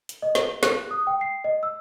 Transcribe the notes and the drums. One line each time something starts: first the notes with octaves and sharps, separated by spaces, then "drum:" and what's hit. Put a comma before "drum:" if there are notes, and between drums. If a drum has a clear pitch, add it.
drum: hi-hat
D#5
G7, drum: snare
F#6, drum: snare
D#6
G5
C7
D#5
E6